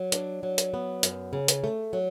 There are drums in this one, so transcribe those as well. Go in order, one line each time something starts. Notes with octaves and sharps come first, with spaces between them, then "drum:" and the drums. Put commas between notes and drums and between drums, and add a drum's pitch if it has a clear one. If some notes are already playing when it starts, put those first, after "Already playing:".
Already playing: F#3
D4, drum: hi-hat
F#3
drum: hi-hat
B3
F#2, drum: hi-hat
C#3
drum: hi-hat
A3
F#3